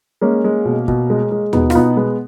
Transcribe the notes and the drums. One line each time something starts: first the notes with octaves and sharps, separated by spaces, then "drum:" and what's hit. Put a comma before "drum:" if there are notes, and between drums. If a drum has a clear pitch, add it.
G#3 A#3 C#4
G#3
B2
B2, drum: kick
G#3
G#3
B2 B3 D#4, drum: tom D#2
F4, drum: rim click
B2 B3 D#4
G#3 B3